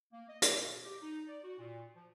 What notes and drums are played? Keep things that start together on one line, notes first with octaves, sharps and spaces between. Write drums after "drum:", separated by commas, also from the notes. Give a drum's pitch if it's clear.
A#3
D#5
G4, drum: hi-hat
B2
G4
D#4
D5
F#4
A#2
F3